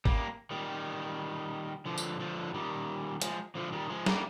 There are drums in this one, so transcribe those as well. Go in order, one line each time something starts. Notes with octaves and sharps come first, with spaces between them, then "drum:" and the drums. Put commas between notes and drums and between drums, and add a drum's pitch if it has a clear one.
G3 A#3, drum: kick
D#3 G3
D3 F3
drum: tambourine
D3 F3
D#3 G3
F3 G#3, drum: hi-hat
D3 F3
D#3 G3
F3 G#3
G3 A#3, drum: snare